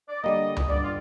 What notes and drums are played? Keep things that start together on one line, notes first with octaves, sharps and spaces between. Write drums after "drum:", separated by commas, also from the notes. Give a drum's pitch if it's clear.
D5
D3 G3 A#3 D#5
drum: tom C#2
G2 D3 G3 D5
F4